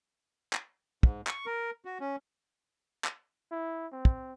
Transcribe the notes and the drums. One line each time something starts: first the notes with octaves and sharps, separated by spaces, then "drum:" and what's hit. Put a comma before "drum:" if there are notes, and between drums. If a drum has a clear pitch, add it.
drum: clap
G#2, drum: kick
C#6, drum: clap
A#4
F#4
C#4
drum: clap
E4
C4
drum: kick